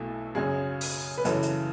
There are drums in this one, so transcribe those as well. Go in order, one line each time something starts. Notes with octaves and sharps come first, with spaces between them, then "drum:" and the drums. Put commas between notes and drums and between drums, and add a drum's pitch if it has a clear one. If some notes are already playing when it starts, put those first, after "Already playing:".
Already playing: B1 B2 A3 E4
F#2 C#3 F#3 G#4
drum: open hi-hat
B4
F#2 C#3 E3 A4, drum: hi-hat
drum: hi-hat